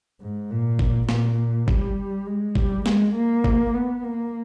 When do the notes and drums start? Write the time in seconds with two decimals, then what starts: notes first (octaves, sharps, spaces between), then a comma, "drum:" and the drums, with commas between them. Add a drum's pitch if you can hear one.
0.20 G#2
0.50 A#2
0.79 drum: kick G1
1.09 A#2, drum: snare
1.68 G3, drum: kick G1
2.27 G#3
2.55 G3, drum: kick G1
2.86 G#3, drum: snare
3.15 A#3
3.44 drum: kick G1
3.74 B3
4.03 A#3